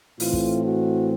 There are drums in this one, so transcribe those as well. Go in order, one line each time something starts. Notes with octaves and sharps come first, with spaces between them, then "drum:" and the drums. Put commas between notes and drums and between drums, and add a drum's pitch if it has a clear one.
A2 E3 A3 C4 F4, drum: open hi-hat
drum: kick
F#4